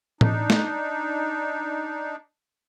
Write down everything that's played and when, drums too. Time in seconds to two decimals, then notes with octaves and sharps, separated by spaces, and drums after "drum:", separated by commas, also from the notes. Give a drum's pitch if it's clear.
0.21 D4 D#4, drum: tom A2
0.50 drum: snare